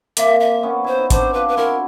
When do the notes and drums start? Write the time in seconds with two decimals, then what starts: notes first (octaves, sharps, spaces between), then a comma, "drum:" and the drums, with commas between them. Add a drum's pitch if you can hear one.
0.17 A#3 C4 E5, drum: hi-hat
0.40 E5
0.63 B3 C#4
0.84 E4 C5
0.98 D#4
1.10 C4 D4 C5, drum: kick G#1, hi-hat
1.33 F4 G4 B4
1.48 B4
1.57 E4 F#4 A#4